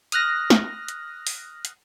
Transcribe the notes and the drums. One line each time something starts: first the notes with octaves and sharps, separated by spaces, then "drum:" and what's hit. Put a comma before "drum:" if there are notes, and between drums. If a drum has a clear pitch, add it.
D#6 F6 F#6 A#6, drum: hi-hat
drum: snare
drum: hi-hat
drum: open hi-hat
drum: hi-hat